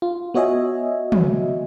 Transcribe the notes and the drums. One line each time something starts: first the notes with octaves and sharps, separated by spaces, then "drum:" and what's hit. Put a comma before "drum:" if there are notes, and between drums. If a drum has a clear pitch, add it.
F4
B3 F#4 C#5 D#5 E5 G#5
drum: tom